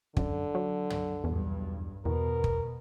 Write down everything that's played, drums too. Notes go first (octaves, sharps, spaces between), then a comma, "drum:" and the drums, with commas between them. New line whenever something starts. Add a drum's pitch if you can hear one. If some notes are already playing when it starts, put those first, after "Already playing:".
F#2 D3, drum: kick
F#3
drum: tom
B1 E2 G2
E2 B2 A#4
drum: kick